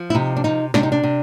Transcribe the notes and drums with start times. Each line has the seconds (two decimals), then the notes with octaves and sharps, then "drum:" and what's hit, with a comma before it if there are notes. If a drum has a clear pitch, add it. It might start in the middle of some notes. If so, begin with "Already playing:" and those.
Already playing: F3
0.10 E4
0.15 C3 D#4
0.36 D4
0.44 C3 D#4
0.74 C3 D4, drum: snare
0.83 D#4
0.92 D4
1.03 C3